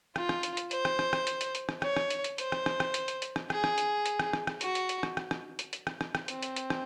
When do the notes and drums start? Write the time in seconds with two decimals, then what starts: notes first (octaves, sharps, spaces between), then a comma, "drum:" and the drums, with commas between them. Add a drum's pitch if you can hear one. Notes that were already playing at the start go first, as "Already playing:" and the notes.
0.16 F4, drum: rim click
0.29 drum: rim click
0.43 drum: hi-hat
0.57 drum: hi-hat
0.71 C5, drum: hi-hat
0.85 drum: rim click
0.99 drum: rim click
1.13 drum: rim click
1.27 drum: hi-hat
1.41 drum: hi-hat
1.55 drum: hi-hat
1.69 drum: rim click
1.82 C#5, drum: rim click
1.97 drum: rim click
2.10 drum: hi-hat
2.24 drum: hi-hat
2.38 C5, drum: hi-hat
2.52 drum: rim click
2.66 drum: rim click
2.80 drum: rim click
2.94 drum: hi-hat
3.08 drum: hi-hat
3.22 drum: hi-hat
3.36 drum: rim click
3.50 G#4, drum: rim click
3.64 drum: rim click
3.78 drum: hi-hat
4.06 drum: hi-hat
4.19 drum: rim click
4.33 drum: rim click
4.47 drum: rim click
4.61 F#4, drum: hi-hat
4.75 drum: hi-hat
4.89 drum: hi-hat
5.03 drum: rim click
5.17 drum: rim click
5.31 drum: rim click
5.59 drum: hi-hat
5.73 drum: hi-hat
5.87 drum: rim click
6.01 drum: rim click
6.15 drum: rim click
6.28 C4, drum: hi-hat
6.42 drum: hi-hat
6.56 drum: hi-hat
6.70 drum: rim click